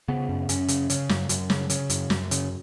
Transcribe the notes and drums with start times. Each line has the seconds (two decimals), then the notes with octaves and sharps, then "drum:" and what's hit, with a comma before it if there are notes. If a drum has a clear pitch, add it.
0.08 C#3 B3
0.29 F#2
0.49 F#2 C#4, drum: hi-hat
0.68 C#3, drum: hi-hat
0.90 C#3, drum: hi-hat
1.09 F#2, drum: snare
1.29 F#2, drum: hi-hat
1.50 C#3, drum: snare
1.70 C#3, drum: hi-hat
1.90 F#2, drum: hi-hat
2.10 F#2, drum: snare
2.31 C#3, drum: hi-hat